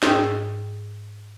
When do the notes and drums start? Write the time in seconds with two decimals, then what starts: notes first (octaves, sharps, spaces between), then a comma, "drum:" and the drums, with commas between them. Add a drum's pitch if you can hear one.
0.03 G#2 G#4 G5 C#6 D#6 E6, drum: snare